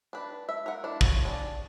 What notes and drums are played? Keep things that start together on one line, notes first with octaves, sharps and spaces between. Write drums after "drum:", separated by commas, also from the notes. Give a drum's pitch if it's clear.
D4 B4
E5
A#4 F#5
D4 E4
F4 C#5, drum: kick
D4 G#4 D5